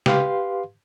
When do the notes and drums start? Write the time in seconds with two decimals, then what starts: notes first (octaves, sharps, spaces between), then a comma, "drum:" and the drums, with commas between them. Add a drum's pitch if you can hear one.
0.06 G4 B4 F5 C6, drum: snare C#3